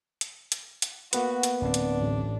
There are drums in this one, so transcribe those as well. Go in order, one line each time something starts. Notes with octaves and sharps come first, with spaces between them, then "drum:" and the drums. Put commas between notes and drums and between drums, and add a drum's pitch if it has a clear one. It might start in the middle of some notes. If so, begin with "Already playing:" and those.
drum: hi-hat
drum: hi-hat
drum: hi-hat
A#3 B3 F#4 B4, drum: hi-hat
drum: hi-hat
D1 C4 D4
drum: hi-hat
A1